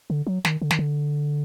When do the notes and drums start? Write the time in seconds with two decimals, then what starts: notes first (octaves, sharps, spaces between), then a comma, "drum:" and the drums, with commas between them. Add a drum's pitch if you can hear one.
0.10 D3
0.27 F#3
0.45 D#3, drum: snare
0.62 D3
0.71 D#3, drum: snare
0.79 D3